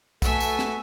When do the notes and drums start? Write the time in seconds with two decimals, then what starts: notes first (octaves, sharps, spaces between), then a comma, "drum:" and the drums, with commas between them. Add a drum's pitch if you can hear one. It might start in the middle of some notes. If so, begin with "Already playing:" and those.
0.22 A3 B3 F#4 A4 E5 G#5, drum: kick, tambourine
0.40 drum: tambourine
0.59 drum: snare